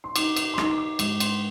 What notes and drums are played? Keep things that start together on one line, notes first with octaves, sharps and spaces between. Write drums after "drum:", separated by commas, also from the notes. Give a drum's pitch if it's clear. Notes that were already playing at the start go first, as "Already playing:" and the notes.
C6
D#4 D6, drum: cymbal
D6, drum: cymbal
C6
D#4 D6, drum: rim click
D6
G#2 D6, drum: cymbal
C6, drum: cymbal